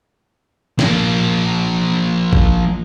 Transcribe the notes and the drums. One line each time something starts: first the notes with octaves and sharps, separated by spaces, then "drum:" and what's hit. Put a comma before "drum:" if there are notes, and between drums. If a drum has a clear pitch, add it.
F3 A#3, drum: snare
drum: kick G#1